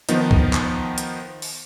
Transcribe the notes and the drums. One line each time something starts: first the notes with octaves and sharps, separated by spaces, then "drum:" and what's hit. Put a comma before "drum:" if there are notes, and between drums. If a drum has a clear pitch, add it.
D#3 F3 B3 D#4, drum: hi-hat
drum: kick C2
drum: clap
drum: hi-hat
drum: open hi-hat